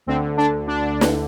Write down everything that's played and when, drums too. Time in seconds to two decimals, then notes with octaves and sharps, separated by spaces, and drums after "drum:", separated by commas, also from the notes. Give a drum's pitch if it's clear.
0.06 D2 D3 C4
0.37 D4
0.67 D4
1.01 drum: snare